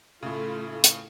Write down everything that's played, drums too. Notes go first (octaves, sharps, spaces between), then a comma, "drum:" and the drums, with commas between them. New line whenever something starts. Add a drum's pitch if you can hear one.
A2 C#3 A3 E4 F4
drum: hi-hat